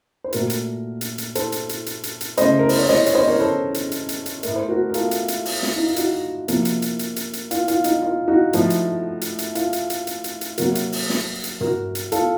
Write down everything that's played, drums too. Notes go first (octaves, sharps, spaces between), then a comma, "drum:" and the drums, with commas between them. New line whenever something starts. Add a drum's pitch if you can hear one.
C5
A#2 A3 F#4 A#4, drum: hi-hat
drum: hi-hat
drum: hi-hat
drum: hi-hat
A4 C5, drum: hi-hat
drum: hi-hat
drum: hi-hat
drum: hi-hat
drum: hi-hat
drum: hi-hat
C#3 A3 C5 D#5, drum: hi-hat
A#4
C5, drum: open hi-hat
C#5
C5 D#5, drum: snare
C#5, drum: hi-hat
C5 D#5
A#4 C#5
A4 C5
drum: hi-hat
drum: hi-hat
drum: hi-hat
drum: hi-hat
A2 A3 A#4, drum: hi-hat
C5
F#4 A#4
A#4
F4 A4, drum: hi-hat
drum: hi-hat
drum: hi-hat
drum: open hi-hat
drum: snare
D#4
F4
D#4 F#4, drum: hi-hat
C3 F3 A#3, drum: hi-hat
drum: hi-hat
drum: hi-hat
drum: hi-hat
drum: hi-hat
drum: hi-hat
F4, drum: hi-hat
F4, drum: hi-hat
D#4, drum: hi-hat
F4
D#4 F#4
A2 F3 A3, drum: hi-hat
drum: hi-hat
drum: hi-hat
drum: hi-hat
F4, drum: hi-hat
drum: hi-hat
drum: hi-hat
drum: hi-hat
drum: hi-hat
drum: hi-hat
C3 F#3 A#3 F#4 A#4, drum: hi-hat
drum: hi-hat
drum: open hi-hat
drum: snare
drum: hi-hat
F#4 A#4, drum: tom
drum: hi-hat
F4 A4, drum: hi-hat